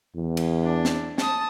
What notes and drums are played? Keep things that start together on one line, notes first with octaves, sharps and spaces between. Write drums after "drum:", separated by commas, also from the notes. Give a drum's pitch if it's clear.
E2
drum: cymbal
D4
drum: snare
A5 D#6, drum: snare